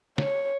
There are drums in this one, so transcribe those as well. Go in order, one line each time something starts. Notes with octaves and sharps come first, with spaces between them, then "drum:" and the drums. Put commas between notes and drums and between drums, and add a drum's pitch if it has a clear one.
C#5, drum: snare